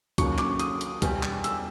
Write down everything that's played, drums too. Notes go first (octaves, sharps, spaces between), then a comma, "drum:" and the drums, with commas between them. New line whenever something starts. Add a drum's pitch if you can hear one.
D#2 C#3 F#3 C#6, drum: kick, hi-hat
D6, drum: clap
D#6, drum: hi-hat
drum: hi-hat
E2 B2 G3, drum: kick, hi-hat
drum: clap
E6, drum: hi-hat